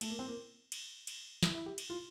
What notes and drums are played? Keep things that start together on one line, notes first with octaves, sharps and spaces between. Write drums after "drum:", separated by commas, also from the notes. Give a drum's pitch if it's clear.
A3, drum: cymbal
A#3
C4
A#3
drum: cymbal
drum: cymbal
E4, drum: snare
E4
G4
drum: cymbal
F4